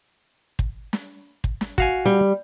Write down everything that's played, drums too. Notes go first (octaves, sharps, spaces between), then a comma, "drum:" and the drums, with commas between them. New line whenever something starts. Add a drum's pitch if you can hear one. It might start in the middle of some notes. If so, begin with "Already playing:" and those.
drum: kick
drum: snare
drum: kick
drum: snare
F#4 F5 G#5, drum: kick
G3